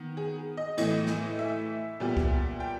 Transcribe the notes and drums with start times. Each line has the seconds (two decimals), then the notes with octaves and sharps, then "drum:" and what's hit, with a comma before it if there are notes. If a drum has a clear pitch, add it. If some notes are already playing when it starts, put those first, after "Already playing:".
Already playing: D#3 B3
0.17 G#4
0.57 D#5
0.77 A2 E3 A3 D#5, drum: cymbal
1.07 drum: snare
1.39 E5
2.00 A#2 G3 B3
2.17 drum: kick C2
2.60 G5